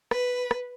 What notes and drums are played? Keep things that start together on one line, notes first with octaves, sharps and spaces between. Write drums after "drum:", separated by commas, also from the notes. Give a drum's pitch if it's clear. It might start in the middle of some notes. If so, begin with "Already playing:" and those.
B4, drum: rim click
drum: rim click